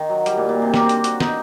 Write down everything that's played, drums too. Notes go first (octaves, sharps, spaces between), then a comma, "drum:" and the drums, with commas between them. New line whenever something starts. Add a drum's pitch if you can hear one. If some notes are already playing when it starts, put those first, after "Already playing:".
Already playing: D#3
F#3
G3, drum: hi-hat
A#2
A#2
C3
A#3, drum: snare
C4
D4, drum: hi-hat
F#4, drum: hi-hat
D#4, drum: snare